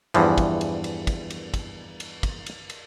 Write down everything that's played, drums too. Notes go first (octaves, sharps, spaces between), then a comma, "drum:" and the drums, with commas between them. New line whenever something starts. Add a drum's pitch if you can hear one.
E2 G2 E3 F3, drum: cymbal
drum: kick, cymbal
drum: cymbal
drum: cymbal
drum: kick, cymbal
drum: cymbal
drum: kick, cymbal
drum: cymbal
drum: kick, cymbal
drum: cymbal
drum: cymbal